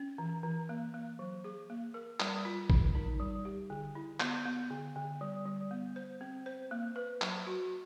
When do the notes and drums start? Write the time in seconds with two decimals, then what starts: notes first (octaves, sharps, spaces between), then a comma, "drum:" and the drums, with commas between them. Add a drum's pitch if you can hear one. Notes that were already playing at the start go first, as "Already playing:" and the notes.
Already playing: C#4
0.18 E3
0.44 E3
0.69 A#3
0.94 A#3
1.19 F#3
1.44 G#4
1.70 A#3
1.94 A#4
2.20 G3, drum: clap
2.45 F4
2.70 D#3, drum: kick G#1
2.95 D#4
3.20 G3
3.45 G4
3.70 D3
3.95 E4
4.20 B3, drum: clap
4.45 B3
4.71 D3
4.96 D3
5.21 G3
5.46 G3
5.71 B3
5.96 C5
6.21 C4
6.46 C5
6.71 A#3
6.96 B4
7.21 F#3, drum: clap
7.47 F#4